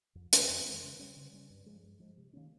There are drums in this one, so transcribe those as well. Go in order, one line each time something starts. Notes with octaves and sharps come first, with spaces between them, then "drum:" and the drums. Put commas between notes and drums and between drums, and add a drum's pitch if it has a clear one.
F2
D#3 G#3 C4, drum: hi-hat
F2
D#3 G#3 C4
C#3
G3 C#4
C#3
G3 C#4
G2
F3 G#3
G2
F3 G#3
C3
D#3 A#3 C#4